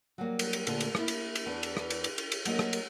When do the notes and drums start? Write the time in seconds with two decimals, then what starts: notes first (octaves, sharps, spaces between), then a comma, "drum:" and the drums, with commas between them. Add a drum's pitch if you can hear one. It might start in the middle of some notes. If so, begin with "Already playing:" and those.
0.18 F#3 G3 A#3
0.39 drum: cymbal
0.53 drum: cymbal
0.67 D2 A#2 D3 A#3 D4, drum: cymbal
0.81 drum: cymbal
0.95 A#3 E4, drum: rim click
1.08 drum: cymbal
1.35 drum: cymbal
1.46 E2 E3 B3 D4
1.63 drum: cymbal
1.77 drum: rim click
1.90 drum: cymbal
2.04 drum: cymbal
2.18 drum: cymbal
2.32 drum: cymbal
2.45 F#3 A#3 D#5, drum: cymbal
2.59 drum: rim click
2.73 drum: cymbal